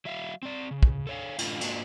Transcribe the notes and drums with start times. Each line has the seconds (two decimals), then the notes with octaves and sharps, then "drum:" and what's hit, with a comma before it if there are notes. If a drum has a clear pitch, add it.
0.05 F#3 E5 F5
0.43 C4 D5
0.71 C#3
0.83 drum: kick
1.07 A4 C#5 F5
1.39 A2 D3 D4 F4, drum: cymbal
1.61 G#2 A#3 D4 F4 F#4, drum: cymbal